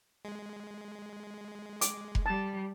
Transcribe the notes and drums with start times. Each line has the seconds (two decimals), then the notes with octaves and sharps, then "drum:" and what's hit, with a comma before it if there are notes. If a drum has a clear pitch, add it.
0.25 G#3
1.81 D6, drum: hi-hat
2.15 drum: kick F1
2.26 G3 A5